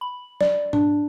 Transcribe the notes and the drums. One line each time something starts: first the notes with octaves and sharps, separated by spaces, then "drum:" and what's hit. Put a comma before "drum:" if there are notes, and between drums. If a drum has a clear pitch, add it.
B5
D5, drum: snare
D4, drum: tom G#2